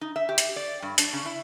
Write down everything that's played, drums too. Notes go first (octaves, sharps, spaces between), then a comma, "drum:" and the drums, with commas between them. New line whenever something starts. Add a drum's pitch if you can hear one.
D#4
E5
G4
drum: hi-hat
D5
G2
D4, drum: hi-hat
C#3
E4